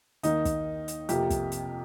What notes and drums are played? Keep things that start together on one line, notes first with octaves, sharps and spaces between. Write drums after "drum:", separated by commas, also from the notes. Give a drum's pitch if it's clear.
D#2 D#3 A#3 D#4, drum: hi-hat
drum: kick, hi-hat
drum: hi-hat
F2 C3 F3 A#3 G4, drum: hi-hat
drum: kick, hi-hat
drum: hi-hat